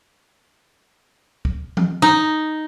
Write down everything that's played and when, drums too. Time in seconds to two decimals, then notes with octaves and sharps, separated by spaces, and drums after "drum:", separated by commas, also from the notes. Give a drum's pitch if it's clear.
1.45 drum: kick
1.77 drum: tom E3
2.02 D#4